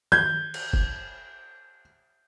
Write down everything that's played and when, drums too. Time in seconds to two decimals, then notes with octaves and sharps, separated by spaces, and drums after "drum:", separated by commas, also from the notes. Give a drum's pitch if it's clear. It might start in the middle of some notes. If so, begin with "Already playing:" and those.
0.12 G6 G#6, drum: tom D#3
0.54 drum: cymbal
0.73 drum: kick F#1